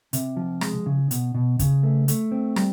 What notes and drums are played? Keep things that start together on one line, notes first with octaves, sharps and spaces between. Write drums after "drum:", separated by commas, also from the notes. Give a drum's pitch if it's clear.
C3, drum: hi-hat
F3
G#3, drum: rim click
C#3
B2, drum: hi-hat
B2
C#3, drum: kick, hi-hat
A3
A3, drum: hi-hat
C4
G3, drum: rim click